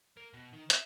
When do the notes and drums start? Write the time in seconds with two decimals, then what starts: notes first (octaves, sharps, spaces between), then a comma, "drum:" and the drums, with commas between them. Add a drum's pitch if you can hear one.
0.17 A#3
0.34 B2
0.53 D#3
0.70 E5, drum: hi-hat